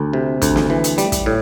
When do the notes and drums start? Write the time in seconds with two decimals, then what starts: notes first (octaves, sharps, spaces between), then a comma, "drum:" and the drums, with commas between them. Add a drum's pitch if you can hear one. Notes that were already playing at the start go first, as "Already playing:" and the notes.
Already playing: D2
0.13 C3
0.42 D2, drum: kick, hi-hat
0.56 drum: snare
0.70 E3
0.84 drum: hi-hat
0.98 G3, drum: hi-hat
1.12 drum: kick, hi-hat
1.26 A2